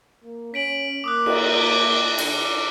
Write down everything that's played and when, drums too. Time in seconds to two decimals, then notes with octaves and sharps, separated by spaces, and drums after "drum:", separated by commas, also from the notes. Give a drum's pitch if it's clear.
0.24 A#3
0.54 C#4 B6 D7 F#7
1.04 A#3 D6 D#6 F#6
1.26 drum: cymbal
2.18 D3, drum: cymbal